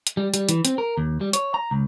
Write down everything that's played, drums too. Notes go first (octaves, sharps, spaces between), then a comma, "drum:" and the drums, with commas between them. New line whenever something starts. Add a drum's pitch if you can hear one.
drum: hi-hat
G3
G3, drum: hi-hat
E3, drum: hi-hat
C4, drum: hi-hat
A#4
D#2
G3
C#5, drum: hi-hat
A#5
C#2